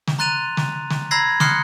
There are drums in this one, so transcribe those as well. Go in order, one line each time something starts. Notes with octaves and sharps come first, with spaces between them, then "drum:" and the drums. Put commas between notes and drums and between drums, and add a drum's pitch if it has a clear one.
drum: snare
A#5 C6 F#6 A6 D#7 F7
drum: snare
drum: snare
A#5 B5 E6 G#6 A#6 C7
C6 D#6 F6 F#6 C7 C#7, drum: snare